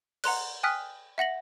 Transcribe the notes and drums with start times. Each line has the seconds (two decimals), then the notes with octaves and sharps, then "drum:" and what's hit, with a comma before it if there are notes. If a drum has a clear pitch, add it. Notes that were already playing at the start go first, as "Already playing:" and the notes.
0.24 F#5 A#5 C6 F#6, drum: cymbal
0.63 G5 G#5 D#6 F6 F#6 B6
1.18 E5 F#5 A#6 F#7